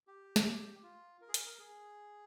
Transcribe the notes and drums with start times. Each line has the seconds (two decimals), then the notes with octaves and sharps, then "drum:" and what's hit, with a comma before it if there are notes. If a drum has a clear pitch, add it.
0.07 G4
0.36 drum: snare
0.83 F4
1.21 A#4
1.29 G#4
1.34 A#4, drum: hi-hat
1.46 A#4
1.59 G#4